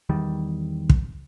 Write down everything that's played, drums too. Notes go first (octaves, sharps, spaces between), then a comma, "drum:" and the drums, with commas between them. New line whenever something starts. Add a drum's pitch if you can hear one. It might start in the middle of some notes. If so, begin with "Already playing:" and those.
E2 D#3 G3
drum: kick